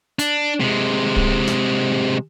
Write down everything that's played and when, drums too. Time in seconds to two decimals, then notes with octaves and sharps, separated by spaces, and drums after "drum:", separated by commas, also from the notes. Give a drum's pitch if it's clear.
0.19 D4, drum: hi-hat
0.60 C3 G#3
1.16 drum: kick D1
1.47 drum: snare